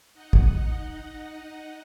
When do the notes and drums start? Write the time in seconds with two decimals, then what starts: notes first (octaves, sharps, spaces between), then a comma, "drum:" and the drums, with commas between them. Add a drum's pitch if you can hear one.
0.14 D#4 D#5 F#5
0.33 drum: kick